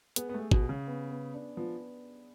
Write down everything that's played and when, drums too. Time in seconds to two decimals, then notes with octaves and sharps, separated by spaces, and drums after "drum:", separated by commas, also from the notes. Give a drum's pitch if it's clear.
0.16 B3 G#4, drum: hi-hat
0.29 B3
0.34 A3
0.40 G#4
0.51 B2, drum: kick
0.63 G#4
0.69 C#3
0.87 B3
1.10 B3
1.34 D4
1.57 F3 B3